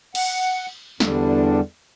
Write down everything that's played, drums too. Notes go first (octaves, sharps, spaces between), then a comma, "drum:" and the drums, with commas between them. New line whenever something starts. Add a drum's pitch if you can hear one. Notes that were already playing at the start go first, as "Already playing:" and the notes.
F#5, drum: cymbal
E2 D3 G3 D4, drum: snare